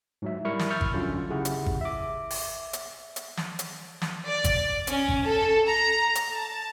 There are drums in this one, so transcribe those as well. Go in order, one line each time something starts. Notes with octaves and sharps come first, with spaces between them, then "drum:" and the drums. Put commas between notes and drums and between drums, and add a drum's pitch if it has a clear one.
G#2 F#3 E5
G3 E4 A#4 C#6 F6 C#7
drum: snare
B5 C#6 E6 F6 G6 A6
drum: kick G#1
D3 F#3 C#4 F4
C#3 E4 G4 G#4 F#5
drum: hi-hat
drum: kick G#1
E5 D6
drum: open hi-hat
drum: hi-hat
drum: hi-hat
drum: snare
drum: hi-hat
drum: snare
D5
drum: kick G#1, hi-hat
C#4, drum: hi-hat
drum: kick G#1
A4
A#5
drum: hi-hat
A5